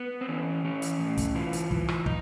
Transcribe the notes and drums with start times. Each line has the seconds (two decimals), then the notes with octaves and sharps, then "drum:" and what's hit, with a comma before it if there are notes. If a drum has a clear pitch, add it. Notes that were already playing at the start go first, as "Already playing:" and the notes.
Already playing: B3
0.21 C4
0.28 E3 C#4
0.65 E3 C#4
0.82 drum: hi-hat
1.00 A2
1.18 drum: kick, hi-hat
1.35 E3 F4
1.53 drum: hi-hat
1.71 E3, drum: kick
1.88 drum: rim click
2.06 D#4, drum: kick